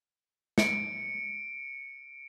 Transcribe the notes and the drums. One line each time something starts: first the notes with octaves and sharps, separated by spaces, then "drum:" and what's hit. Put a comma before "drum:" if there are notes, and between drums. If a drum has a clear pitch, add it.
C#7 D7, drum: snare